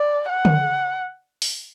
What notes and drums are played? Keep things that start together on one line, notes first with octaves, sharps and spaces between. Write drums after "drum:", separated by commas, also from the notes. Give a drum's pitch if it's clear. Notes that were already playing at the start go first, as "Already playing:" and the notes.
Already playing: D5
F#5
drum: tom
drum: open hi-hat